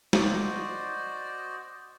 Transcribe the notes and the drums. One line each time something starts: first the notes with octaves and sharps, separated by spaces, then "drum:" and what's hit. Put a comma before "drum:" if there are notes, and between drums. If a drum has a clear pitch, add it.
F#4 C5 D5 D#5, drum: snare